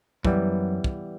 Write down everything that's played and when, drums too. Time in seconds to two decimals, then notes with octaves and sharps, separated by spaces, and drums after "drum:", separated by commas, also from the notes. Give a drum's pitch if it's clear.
0.25 F#2 E3 G3 B3, drum: kick
0.84 drum: kick